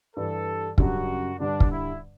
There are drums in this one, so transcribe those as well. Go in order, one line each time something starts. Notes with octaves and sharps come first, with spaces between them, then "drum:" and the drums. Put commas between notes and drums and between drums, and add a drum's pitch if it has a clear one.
G2 E3 G3 A4
F#2 C#3 G3 D4 F#4 G4, drum: kick
G2 D3 G3 D4
drum: kick
E4